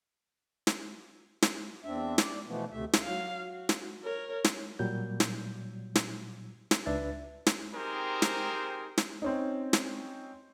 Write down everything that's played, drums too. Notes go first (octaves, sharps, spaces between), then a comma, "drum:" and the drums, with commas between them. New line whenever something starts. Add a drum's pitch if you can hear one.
drum: snare
drum: snare
E2 C4 D4 E5
D5, drum: snare
B2 E3 F3 A3 B3
D2 C3 A3 E5
drum: snare
F#3 F5
F#4
drum: snare
A#4 C#5
drum: snare
A#2 F#3 G3 G6
drum: snare
drum: snare
drum: snare
C#2 D4 B4 E5 A6
drum: snare
C4 D#4 G4 G#4 A#4 C5
drum: snare
drum: snare
C4 C#4 D#4
drum: snare